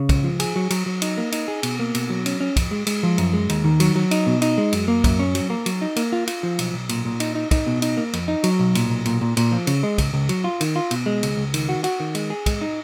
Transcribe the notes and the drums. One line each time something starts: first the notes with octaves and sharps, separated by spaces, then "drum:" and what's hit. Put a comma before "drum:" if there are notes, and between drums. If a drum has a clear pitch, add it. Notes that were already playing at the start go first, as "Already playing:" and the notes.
Already playing: C#3
C#2, drum: kick, cymbal
F3
G#4, drum: cymbal
F#3
F#3, drum: cymbal
F#3
D#4, drum: cymbal
A#3
D#4, drum: cymbal
G#4
B2, drum: cymbal
A#3
B2, drum: cymbal
F#3
C#4, drum: cymbal
C#4
F2, drum: kick, cymbal
G#3
G#3, drum: cymbal
F3
F#2, drum: cymbal
G#3
D#2, drum: cymbal
D#3
F#3, drum: cymbal
F#3
D#4, drum: cymbal
B2
D#4, drum: cymbal
G#3
F#2, drum: cymbal
A#3
F#2, drum: kick, cymbal
C#4
F#3, drum: cymbal
A#3
F#3, drum: cymbal
D#4
A#3, drum: cymbal
F4
F4, drum: cymbal
F3
B1, drum: cymbal
B1
A#2, drum: cymbal
A#2
D#4, drum: cymbal
D#4
D#4, drum: kick, cymbal
B2
D#4, drum: cymbal
A#3
F2, drum: cymbal
D#4
F#3, drum: cymbal
B1
A#2, drum: cymbal
B1
A#2, drum: cymbal
A#2
A#2, drum: cymbal
F3
C#3, drum: cymbal
G#3
C#2, drum: kick, cymbal
C#2
F#3, drum: cymbal
F4
D#3, drum: cymbal
F4
B2, drum: cymbal
G#3
C#2, drum: cymbal
C#2
D#3, drum: cymbal
F#4
F#4, drum: cymbal
D#3
G#3, drum: cymbal
G#4
G#3, drum: kick, cymbal
D#4